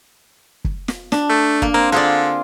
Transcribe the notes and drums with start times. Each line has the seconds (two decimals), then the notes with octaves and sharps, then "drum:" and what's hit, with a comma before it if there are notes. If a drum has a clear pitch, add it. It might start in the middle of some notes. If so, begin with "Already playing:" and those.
0.65 drum: kick
0.88 drum: snare
1.12 D4, drum: snare
1.30 A3
1.62 A#3, drum: kick
1.74 A#3 C4
1.92 D3 F4 G#4 D5